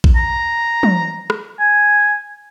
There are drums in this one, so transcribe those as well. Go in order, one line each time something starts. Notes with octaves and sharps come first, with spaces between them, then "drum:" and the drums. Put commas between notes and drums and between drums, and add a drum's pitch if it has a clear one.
drum: kick A#1
A#5
drum: tom
drum: rim click
G#5